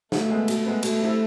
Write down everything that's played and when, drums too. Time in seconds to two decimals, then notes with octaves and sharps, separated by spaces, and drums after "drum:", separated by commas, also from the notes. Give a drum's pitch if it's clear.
0.12 B2 A3, drum: snare
0.30 G#3 B3
0.48 B2, drum: cymbal
0.66 G#3 B3
0.83 B2 A3, drum: cymbal
1.00 G3 C4 E4 A4